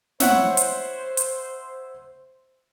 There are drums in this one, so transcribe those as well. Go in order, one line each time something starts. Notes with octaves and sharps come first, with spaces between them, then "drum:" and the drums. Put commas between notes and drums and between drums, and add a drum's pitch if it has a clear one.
E4 C5 C#5 F#5, drum: snare
drum: hi-hat
drum: hi-hat